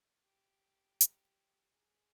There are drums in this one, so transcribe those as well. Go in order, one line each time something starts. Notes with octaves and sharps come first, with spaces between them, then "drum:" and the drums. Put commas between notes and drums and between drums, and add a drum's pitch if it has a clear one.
G4
drum: hi-hat
G#4